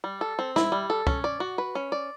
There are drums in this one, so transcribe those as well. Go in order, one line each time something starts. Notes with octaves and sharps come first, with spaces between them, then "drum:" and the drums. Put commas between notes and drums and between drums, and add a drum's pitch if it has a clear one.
G3
A4
C4
E4, drum: snare
G3
A4
C#4, drum: kick
D5
F#4
B4
C#4
D5